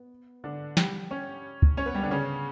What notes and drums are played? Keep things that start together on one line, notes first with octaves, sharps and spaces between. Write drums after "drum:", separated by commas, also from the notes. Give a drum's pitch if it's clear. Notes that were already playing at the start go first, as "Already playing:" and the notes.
Already playing: B3
D3 D4
G3 G4, drum: snare
C#4 C#5
drum: kick
C#4 C#5
B3 B4
G3 G4
D3 D4
C#3 C#4